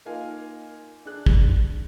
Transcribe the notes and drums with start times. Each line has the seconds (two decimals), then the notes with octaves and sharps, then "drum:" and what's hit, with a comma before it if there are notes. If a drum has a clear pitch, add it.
0.05 A#3 D#4 F4 A#4 F5 G#5
1.05 D4 G#4 F#6
1.26 drum: kick